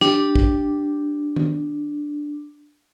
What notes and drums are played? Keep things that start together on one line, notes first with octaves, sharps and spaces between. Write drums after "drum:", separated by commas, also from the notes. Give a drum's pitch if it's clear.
D4 G4, drum: snare
drum: kick
drum: tom D#3